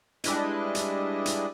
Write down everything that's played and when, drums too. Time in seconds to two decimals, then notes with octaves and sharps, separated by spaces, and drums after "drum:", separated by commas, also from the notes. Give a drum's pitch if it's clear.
0.24 G3 G#3 D4 E4 B4 D#5, drum: hi-hat
0.75 drum: hi-hat
1.26 drum: hi-hat